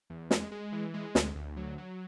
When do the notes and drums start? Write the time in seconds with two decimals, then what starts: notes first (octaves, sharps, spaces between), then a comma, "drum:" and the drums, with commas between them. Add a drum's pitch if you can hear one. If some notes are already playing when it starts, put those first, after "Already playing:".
0.10 E2
0.31 G#3, drum: snare
0.52 G#3
0.72 E3
0.94 G#3
1.15 D2, drum: snare
1.35 D2
1.57 F#3
1.78 F#3